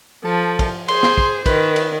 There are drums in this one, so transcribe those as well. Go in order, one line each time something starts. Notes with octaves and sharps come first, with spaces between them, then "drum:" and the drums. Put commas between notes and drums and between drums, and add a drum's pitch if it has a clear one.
F3 A4
drum: kick, cymbal
G#4 C5 C6, drum: cymbal
drum: snare
drum: kick
D#3 B4, drum: kick, cymbal
drum: cymbal